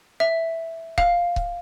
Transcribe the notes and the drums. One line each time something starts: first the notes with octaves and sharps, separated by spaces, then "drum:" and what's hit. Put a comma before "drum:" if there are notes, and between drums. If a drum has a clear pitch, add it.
E5
F5, drum: kick C#1
drum: kick C#1